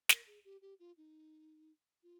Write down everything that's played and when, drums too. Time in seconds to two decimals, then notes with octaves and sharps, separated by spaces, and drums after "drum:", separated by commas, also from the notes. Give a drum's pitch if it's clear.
0.09 A#4, drum: snare
0.27 G#4
0.45 G4
0.62 G4
0.80 F4
0.97 D#4
2.03 F4